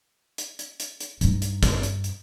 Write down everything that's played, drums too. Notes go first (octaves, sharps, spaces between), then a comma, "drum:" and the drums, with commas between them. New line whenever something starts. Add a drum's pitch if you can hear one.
drum: hi-hat
drum: hi-hat
drum: hi-hat
drum: hi-hat
G2 D#4, drum: hi-hat
drum: hi-hat
drum: kick, hi-hat
drum: hi-hat
drum: hi-hat